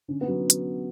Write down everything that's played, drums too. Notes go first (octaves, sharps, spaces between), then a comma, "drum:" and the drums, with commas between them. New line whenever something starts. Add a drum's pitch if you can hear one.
D3 C#4
B3
F#3
drum: hi-hat